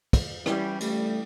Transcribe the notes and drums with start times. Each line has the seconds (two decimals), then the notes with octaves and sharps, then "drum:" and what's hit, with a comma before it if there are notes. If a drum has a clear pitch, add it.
0.13 drum: kick, cymbal
0.46 E3 G3 C#4 C6, drum: rim click
0.80 G3 A3, drum: cymbal